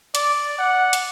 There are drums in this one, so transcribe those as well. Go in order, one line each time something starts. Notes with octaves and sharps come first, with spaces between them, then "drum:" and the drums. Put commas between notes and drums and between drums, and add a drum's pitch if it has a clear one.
D5, drum: hi-hat
F#5
drum: hi-hat